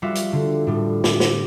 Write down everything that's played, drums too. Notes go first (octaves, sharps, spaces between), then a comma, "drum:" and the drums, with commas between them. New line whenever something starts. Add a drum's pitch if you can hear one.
G3 F4 F#4 E5
drum: hi-hat
D3
A2 G3
G4 G5, drum: snare
drum: snare